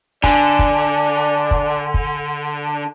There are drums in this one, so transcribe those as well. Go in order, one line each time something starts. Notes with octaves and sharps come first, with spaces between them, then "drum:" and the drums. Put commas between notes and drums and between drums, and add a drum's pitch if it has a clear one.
D3 D5 G#5, drum: kick
drum: kick
drum: hi-hat
drum: kick
drum: kick